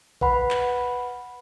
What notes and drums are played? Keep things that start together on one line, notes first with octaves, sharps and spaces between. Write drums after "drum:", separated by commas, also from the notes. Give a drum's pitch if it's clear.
B4 F#5 B5, drum: kick A1
drum: clap